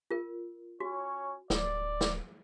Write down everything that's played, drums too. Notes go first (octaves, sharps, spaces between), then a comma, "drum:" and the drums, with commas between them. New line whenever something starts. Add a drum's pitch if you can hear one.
F4 A#4
C#4 F#4 C#5
D1 D5, drum: snare
drum: snare